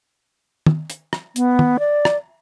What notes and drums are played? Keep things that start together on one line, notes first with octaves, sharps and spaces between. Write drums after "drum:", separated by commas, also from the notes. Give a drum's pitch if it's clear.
drum: tom
drum: hi-hat
drum: rim click
B3, drum: hi-hat
drum: tom
D5
drum: rim click